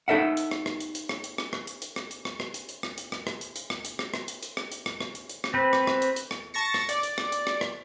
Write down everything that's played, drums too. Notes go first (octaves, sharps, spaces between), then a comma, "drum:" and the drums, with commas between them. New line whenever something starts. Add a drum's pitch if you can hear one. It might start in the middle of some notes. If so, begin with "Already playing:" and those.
D#4 A4 E5 F#5
drum: hi-hat
drum: rim click
drum: rim click
drum: hi-hat
drum: hi-hat
drum: rim click
drum: hi-hat
drum: rim click
drum: rim click
drum: hi-hat
drum: hi-hat
drum: rim click
drum: hi-hat
drum: rim click
drum: rim click
drum: hi-hat
drum: hi-hat
drum: rim click
drum: hi-hat
drum: rim click
drum: rim click
drum: hi-hat
drum: hi-hat
drum: rim click
drum: hi-hat
drum: rim click
drum: rim click
drum: hi-hat
drum: hi-hat
drum: rim click
drum: hi-hat
drum: rim click
drum: rim click
drum: hi-hat
drum: hi-hat
drum: rim click
C4 B4 C5
drum: rim click
drum: rim click
drum: hi-hat
drum: hi-hat
drum: rim click
A5 C#6 A6 A#6 C#7
drum: rim click
D5, drum: hi-hat
drum: hi-hat
drum: rim click
drum: hi-hat
drum: rim click
drum: rim click